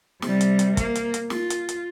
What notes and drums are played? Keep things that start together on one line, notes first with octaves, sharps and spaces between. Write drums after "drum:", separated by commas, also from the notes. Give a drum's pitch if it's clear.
C3 G3, drum: snare
drum: hi-hat
drum: hi-hat
A#3, drum: kick, hi-hat
drum: hi-hat
drum: hi-hat
F4, drum: snare
drum: hi-hat
drum: hi-hat